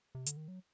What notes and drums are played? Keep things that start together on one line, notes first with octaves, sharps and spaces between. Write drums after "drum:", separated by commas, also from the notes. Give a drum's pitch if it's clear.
C3
D3, drum: hi-hat
D#3
F#3